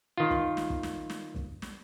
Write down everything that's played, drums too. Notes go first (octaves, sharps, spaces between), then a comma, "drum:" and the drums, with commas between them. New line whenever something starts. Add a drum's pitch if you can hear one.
D#3 F4
drum: kick
drum: snare
drum: kick
drum: snare
drum: snare
drum: kick
drum: snare